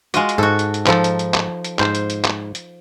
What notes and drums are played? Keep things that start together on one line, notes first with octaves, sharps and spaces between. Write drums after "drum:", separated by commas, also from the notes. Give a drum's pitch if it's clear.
G#3 F4 F#4 D#5, drum: hi-hat
drum: hi-hat
G#2 F#4 A4
drum: hi-hat
drum: hi-hat
F3 D#4 A4, drum: clap
drum: hi-hat
drum: hi-hat
drum: clap
drum: hi-hat
G#2 C5, drum: clap
drum: hi-hat
drum: hi-hat
drum: clap
drum: hi-hat